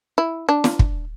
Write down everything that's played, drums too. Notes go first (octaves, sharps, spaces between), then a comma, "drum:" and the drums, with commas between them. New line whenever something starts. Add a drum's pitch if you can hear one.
E4
D4
drum: snare
drum: kick